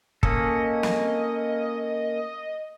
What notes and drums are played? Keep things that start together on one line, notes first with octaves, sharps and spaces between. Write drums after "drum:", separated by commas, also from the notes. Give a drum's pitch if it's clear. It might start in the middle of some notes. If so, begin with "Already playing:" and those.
A#3 C#4 A4 D#5, drum: kick
drum: snare